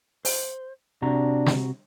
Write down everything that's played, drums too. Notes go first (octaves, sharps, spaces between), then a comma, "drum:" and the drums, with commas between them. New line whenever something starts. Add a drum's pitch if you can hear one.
C5, drum: open hi-hat
C3 D4 F#4 A#5
drum: snare